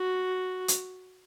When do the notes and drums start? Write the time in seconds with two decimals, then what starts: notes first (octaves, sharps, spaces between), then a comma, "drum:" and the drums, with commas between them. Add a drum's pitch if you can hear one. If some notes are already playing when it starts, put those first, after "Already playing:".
Already playing: F#4
0.68 drum: hi-hat